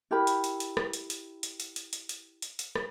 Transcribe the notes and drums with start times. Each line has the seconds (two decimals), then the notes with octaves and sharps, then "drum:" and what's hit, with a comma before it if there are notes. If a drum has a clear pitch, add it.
0.11 E4 G4 A#4 B5
0.27 drum: hi-hat
0.44 drum: hi-hat
0.60 drum: hi-hat
0.77 drum: rim click
0.93 drum: hi-hat
1.10 drum: hi-hat
1.43 drum: hi-hat
1.60 drum: hi-hat
1.76 drum: hi-hat
1.93 drum: hi-hat
2.09 drum: hi-hat
2.42 drum: hi-hat
2.59 drum: hi-hat
2.76 drum: rim click